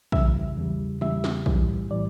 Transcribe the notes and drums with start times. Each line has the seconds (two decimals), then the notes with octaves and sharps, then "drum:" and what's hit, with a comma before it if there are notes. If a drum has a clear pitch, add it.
0.12 E2 C#3 E3 G3 E5, drum: kick A#1
0.57 E2 C#3 E3 G3
1.01 E2 C#3 E3 G3 E5, drum: tom
1.24 drum: snare
1.46 A2 E3 G3, drum: kick A#1
1.90 A2 E3 G3 D5